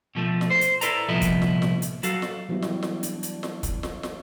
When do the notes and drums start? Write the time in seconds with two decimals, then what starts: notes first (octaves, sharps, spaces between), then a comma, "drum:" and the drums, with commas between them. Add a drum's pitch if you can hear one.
0.15 B2 F3 A3
0.41 drum: snare
0.50 C5
0.61 drum: hi-hat
0.81 E4 A4 B4 D5 A#5, drum: hi-hat
1.09 C2 A#2 F3 B3 E4 D#5
1.22 drum: kick, hi-hat
1.42 drum: snare
1.62 drum: snare
1.82 drum: hi-hat
2.03 F#3 F#4 A4 F5, drum: hi-hat
2.22 drum: snare
2.49 E3 F#3 G3 B3 E4 G4
2.62 drum: snare
2.83 drum: snare
3.03 D4, drum: hi-hat
3.23 drum: hi-hat
3.43 drum: snare
3.63 drum: kick, hi-hat
3.83 drum: snare
4.03 drum: snare